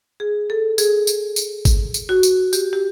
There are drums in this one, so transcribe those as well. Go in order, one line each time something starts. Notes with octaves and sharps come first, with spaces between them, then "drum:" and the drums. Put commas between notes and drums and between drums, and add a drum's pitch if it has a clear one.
G#4
A4
G#4, drum: tambourine
drum: tambourine
drum: tambourine
drum: kick G#1, tambourine
drum: tambourine
F#4
drum: tambourine
G4, drum: tambourine
G4